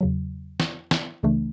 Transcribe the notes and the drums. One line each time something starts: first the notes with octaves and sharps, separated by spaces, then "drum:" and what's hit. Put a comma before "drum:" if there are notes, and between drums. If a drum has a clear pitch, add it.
E2 C#3 F#3
drum: snare
drum: snare
C#2 C#3 E3 A3 D4